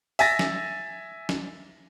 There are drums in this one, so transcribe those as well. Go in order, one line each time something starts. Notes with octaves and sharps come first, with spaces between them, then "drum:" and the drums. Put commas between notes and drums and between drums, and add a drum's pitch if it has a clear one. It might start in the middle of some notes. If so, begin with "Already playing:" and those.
E5 G#5 A6 A#6, drum: open hi-hat
drum: snare
drum: snare